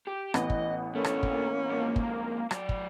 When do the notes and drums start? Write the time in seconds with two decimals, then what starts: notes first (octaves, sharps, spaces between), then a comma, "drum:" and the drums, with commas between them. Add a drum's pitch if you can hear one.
0.07 G4
0.34 A1 E3 B3 D#5, drum: rim click
0.50 drum: kick
0.95 D3 A3 A#3 C#4
1.04 drum: rim click
1.23 drum: kick
1.70 F2 G#2
1.96 drum: kick
2.51 F#3 D5, drum: rim click
2.69 drum: kick